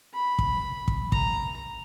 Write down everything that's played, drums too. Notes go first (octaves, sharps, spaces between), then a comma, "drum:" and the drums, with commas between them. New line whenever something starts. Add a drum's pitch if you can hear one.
B5
drum: kick
drum: kick
A#5, drum: kick